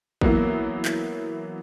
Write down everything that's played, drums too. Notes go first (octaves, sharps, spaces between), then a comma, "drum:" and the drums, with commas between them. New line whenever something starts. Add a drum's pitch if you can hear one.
E3 F#3 A#3 B3, drum: kick
drum: clap